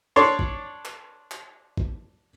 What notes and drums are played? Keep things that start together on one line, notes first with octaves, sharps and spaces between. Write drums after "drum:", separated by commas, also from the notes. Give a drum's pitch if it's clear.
D4 A4 C#5 D5 C6
drum: kick A1
drum: clap
drum: clap
drum: kick A1